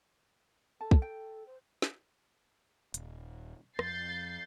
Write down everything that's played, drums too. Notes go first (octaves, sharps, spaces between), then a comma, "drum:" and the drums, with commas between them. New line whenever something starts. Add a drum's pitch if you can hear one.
A4 A5
drum: kick
G5
C5
drum: snare
D#1, drum: hi-hat
F2 G6 A6 C7, drum: rim click